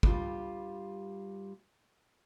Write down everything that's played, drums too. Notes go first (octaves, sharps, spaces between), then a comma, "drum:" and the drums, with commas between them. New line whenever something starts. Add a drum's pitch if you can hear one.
G2 G3 F4, drum: kick